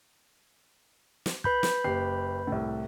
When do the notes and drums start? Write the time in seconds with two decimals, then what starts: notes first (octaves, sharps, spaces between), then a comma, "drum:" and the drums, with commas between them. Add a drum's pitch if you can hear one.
1.26 drum: snare
1.44 B4 B5 G6, drum: kick
1.63 drum: snare
1.84 F#1 G4 C7
2.47 C2 A2